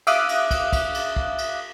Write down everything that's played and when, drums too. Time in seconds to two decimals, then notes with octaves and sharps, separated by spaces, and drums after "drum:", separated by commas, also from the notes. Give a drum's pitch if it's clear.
0.07 E5 F5 D6 D#6 F#6, drum: cymbal
0.29 drum: cymbal
0.51 drum: kick, cymbal
0.73 drum: kick, cymbal
0.95 drum: cymbal
1.16 drum: kick
1.38 drum: cymbal